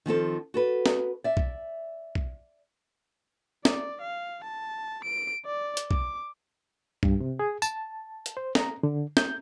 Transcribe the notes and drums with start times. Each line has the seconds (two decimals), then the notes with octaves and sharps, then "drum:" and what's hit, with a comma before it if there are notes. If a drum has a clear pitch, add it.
0.06 D#3 F3 C4 A4
0.54 F#4 A4 B4
0.86 drum: snare
1.24 D5 E5
1.37 drum: kick B1
2.15 drum: kick B1
3.65 D5, drum: snare
4.01 F5
4.44 A5
5.05 D7
5.46 D5
5.77 drum: hi-hat
5.91 D6, drum: kick B1
7.03 G2, drum: kick B1
7.20 C3
7.39 G#4
7.62 A5, drum: tambourine
8.26 drum: hi-hat
8.37 C5
8.55 A#5, drum: snare
8.83 D3
9.17 G6, drum: snare